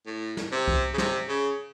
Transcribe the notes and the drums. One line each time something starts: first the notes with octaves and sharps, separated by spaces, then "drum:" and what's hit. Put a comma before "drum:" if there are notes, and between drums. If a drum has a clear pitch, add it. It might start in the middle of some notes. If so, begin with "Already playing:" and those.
A2
drum: snare
C3
drum: kick C2
C#3
C3, drum: snare
C#3